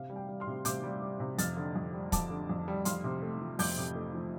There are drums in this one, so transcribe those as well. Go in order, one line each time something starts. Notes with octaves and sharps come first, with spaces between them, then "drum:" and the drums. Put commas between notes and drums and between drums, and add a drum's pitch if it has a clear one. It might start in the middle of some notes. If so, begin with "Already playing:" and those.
Already playing: C3 F5
G3
G5
G3
C6 F6
C3
C3 D6 G6, drum: hi-hat
G3
G3
C3
F2 F6 A6, drum: hi-hat
D3
F2
G3
F2 A5 D6, drum: kick, hi-hat
D3
F2
G3
F2 C6 F6, drum: hi-hat
C3
A3
F3
F2 D6 G6, drum: open hi-hat
C3
A3
F3